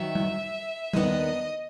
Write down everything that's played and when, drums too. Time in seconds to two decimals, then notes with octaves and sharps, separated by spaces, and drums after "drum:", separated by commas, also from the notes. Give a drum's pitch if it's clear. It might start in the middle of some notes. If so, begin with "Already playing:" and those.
Already playing: G2 D#3 F#3 E5
0.15 drum: tom G3
0.93 D#2 D#3 F#3 B3 D4 D#5, drum: tom G3